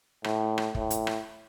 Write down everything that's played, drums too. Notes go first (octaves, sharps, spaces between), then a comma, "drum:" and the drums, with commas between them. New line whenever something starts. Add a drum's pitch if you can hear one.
A2, drum: rim click
drum: rim click
A2, drum: kick
drum: hi-hat
drum: rim click